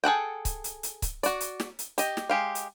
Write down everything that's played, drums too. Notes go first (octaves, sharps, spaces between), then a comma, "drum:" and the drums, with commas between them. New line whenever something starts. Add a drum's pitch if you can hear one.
G#4 A4 F#5 G5
drum: kick C#1, hi-hat
drum: hi-hat
drum: hi-hat
drum: kick C#1, hi-hat
F#4 D5, drum: hi-hat
drum: hi-hat
drum: snare
drum: hi-hat
G4 D#5, drum: hi-hat
drum: snare
G#3 G4 F5
drum: hi-hat